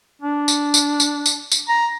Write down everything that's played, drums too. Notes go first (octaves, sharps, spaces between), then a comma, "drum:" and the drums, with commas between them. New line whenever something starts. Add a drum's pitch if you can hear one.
D4
drum: tambourine
drum: tambourine
drum: tambourine
drum: tambourine
drum: tambourine
A#5